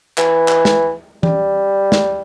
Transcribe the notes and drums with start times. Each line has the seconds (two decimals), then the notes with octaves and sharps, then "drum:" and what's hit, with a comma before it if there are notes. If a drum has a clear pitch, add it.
0.18 E3, drum: clap
0.48 drum: clap
0.65 drum: snare
1.23 G3, drum: tom
1.92 drum: snare